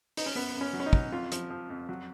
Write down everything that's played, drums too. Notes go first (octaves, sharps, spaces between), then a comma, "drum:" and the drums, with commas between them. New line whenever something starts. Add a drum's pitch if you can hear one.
D#4, drum: open hi-hat
C#4
F#2 B3
F#2
C#4
F#3
C#4
D#4
F#3, drum: kick
F2 F4
F3, drum: hi-hat
F3
F2
F#3